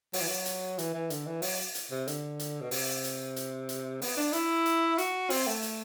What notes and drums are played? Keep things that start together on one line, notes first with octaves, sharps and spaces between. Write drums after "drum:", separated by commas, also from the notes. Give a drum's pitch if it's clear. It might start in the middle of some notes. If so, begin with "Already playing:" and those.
F#3, drum: open hi-hat
E3
F#3
drum: hi-hat
E3, drum: hi-hat
E3
D3, drum: hi-hat
E3
F#3, drum: open hi-hat
drum: hi-hat
C3
D3, drum: hi-hat
drum: hi-hat
B2
C3, drum: open hi-hat
drum: hi-hat
drum: hi-hat
drum: hi-hat
B3, drum: open hi-hat
D4
E4, drum: hi-hat
drum: hi-hat
F#4, drum: hi-hat
C4, drum: open hi-hat
A3
drum: hi-hat